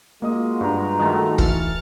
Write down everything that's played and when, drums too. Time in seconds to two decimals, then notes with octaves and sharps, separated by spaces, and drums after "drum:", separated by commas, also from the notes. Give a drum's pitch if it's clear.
0.22 G#3 A#3 F4 F#4 D#5 D#6
0.61 G2 A#5
0.99 D#3 A3
1.38 E3 F6 A6 C#7, drum: kick